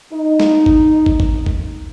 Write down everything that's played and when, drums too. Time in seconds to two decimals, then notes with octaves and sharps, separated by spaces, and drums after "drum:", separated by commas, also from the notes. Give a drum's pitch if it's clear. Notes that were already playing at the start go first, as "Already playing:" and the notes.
0.14 D#4
0.40 drum: snare G#3
0.66 drum: kick
1.06 drum: kick
1.20 drum: kick
1.46 drum: kick